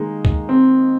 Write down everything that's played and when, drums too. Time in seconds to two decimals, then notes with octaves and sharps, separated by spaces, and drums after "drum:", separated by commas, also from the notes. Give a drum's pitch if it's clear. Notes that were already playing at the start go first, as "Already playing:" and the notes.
Already playing: D#3 G#3 A#3 D#4
0.25 drum: kick C#2
0.49 C4